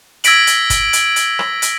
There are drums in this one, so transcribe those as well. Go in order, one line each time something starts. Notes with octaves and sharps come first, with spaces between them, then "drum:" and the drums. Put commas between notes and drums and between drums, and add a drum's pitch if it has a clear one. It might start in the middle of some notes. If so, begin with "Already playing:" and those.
E6 G#6 A#6 B6 D7 F#7, drum: hi-hat
drum: hi-hat
drum: kick G1, hi-hat
drum: hi-hat
drum: hi-hat
drum: rim click
drum: hi-hat